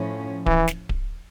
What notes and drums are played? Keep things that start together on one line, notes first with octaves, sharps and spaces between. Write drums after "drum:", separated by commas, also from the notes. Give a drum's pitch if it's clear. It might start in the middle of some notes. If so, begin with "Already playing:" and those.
Already playing: A2 F3 C#4
E3, drum: kick D1
drum: snare
drum: kick D1